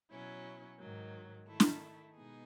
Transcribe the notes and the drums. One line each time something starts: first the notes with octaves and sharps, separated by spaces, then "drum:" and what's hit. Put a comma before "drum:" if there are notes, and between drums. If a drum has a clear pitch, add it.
B2 F#3 C#4 E4
G#2 D#3 F#3
D#3 A3 E4
drum: snare
B2 G#3 B3 D#4 G#4